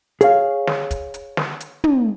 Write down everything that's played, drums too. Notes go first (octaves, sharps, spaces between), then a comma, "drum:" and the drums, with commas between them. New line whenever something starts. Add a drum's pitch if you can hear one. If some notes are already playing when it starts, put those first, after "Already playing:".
G#4 C#5 F5, drum: hi-hat
drum: snare
drum: kick, hi-hat
drum: hi-hat
drum: snare
drum: hi-hat
drum: tom